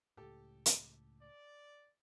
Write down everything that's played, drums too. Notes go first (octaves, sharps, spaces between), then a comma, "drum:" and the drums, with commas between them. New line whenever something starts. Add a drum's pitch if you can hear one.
C#2 A2 G4 A4
drum: hi-hat
D5